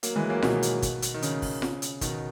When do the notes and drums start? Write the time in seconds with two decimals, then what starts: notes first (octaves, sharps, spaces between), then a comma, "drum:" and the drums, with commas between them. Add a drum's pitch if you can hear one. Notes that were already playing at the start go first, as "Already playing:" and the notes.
0.03 F#3 A#3, drum: hi-hat
0.16 E3 G#3
0.29 F#3 A#3
0.42 B2 D#3, drum: snare F4
0.62 drum: hi-hat
0.82 drum: kick, hi-hat
1.02 drum: hi-hat
1.14 D#3
1.22 C#3, drum: hi-hat
1.42 drum: kick, open hi-hat
1.62 drum: snare F4
1.82 drum: hi-hat
2.01 B2 D#3, drum: kick, hi-hat